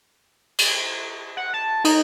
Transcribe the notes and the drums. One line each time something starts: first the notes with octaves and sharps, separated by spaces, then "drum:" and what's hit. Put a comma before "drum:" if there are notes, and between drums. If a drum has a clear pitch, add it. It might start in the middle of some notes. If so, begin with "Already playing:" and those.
drum: cymbal
F#5
A5
D#4, drum: cymbal